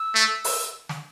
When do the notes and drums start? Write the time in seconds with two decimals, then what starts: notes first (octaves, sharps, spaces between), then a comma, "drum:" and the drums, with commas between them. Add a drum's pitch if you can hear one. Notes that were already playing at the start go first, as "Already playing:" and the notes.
Already playing: E6
0.15 A3
0.44 drum: open hi-hat
0.89 drum: snare